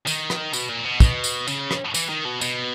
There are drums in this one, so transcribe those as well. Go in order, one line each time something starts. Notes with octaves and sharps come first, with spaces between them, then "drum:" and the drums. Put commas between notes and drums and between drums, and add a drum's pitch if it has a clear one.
D#3, drum: tambourine
drum: rim click
B2, drum: tambourine
A#2
B2
B2, drum: kick, tambourine
drum: tambourine
C#3, drum: tambourine
drum: rim click
E3, drum: tambourine
D#3
B2
B2, drum: tambourine